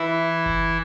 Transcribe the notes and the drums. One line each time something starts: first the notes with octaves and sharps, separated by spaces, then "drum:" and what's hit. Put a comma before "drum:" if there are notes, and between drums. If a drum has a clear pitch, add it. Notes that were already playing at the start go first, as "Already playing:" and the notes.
Already playing: E3 E4
drum: kick F#1